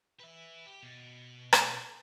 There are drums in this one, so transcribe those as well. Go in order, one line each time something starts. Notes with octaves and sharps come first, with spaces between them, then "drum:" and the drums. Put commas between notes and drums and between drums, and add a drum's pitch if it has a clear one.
B4 E5
G4
B2
drum: rim click